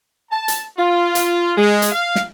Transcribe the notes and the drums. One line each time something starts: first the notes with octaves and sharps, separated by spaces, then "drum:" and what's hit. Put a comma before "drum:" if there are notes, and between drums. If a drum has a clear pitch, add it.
A5
drum: hi-hat
F4
drum: hi-hat
G#3
drum: hi-hat
F5
drum: snare